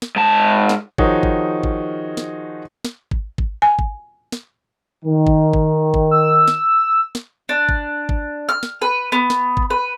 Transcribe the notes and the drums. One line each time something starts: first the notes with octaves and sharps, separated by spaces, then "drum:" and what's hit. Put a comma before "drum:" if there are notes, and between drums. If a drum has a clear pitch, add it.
drum: snare
G#2 A5
drum: snare
D#3 F3 D#4 F#4 G#4 C#5, drum: kick
drum: kick
drum: kick
drum: snare
drum: snare
drum: kick
drum: kick
G#5
drum: kick
drum: snare
D#3
drum: kick
drum: kick
drum: kick
E6
drum: snare
drum: snare
D4
drum: kick
drum: kick
F6
drum: snare
B4
B3
drum: snare
drum: kick
B4